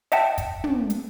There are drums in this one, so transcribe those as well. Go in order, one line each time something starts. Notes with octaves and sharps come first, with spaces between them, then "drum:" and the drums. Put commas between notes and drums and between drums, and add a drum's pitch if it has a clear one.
D#5 E5 F#5 G5 A5, drum: hi-hat
drum: kick, hi-hat
drum: tom
drum: hi-hat